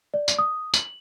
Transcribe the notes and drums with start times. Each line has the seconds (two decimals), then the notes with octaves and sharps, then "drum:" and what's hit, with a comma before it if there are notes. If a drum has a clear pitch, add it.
0.14 D5
0.28 drum: tambourine
0.39 D#6
0.74 F#7, drum: tambourine